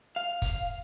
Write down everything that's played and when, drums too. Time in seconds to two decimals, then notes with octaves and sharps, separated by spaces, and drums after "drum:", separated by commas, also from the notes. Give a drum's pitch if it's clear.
0.16 F5
0.42 drum: kick, hi-hat